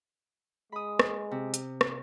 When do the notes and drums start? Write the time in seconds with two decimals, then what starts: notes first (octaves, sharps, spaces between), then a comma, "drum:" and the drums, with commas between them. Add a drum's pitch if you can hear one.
0.72 G#3 B5 D#6
0.99 drum: rim click
1.31 C3
1.54 drum: hi-hat
1.81 drum: rim click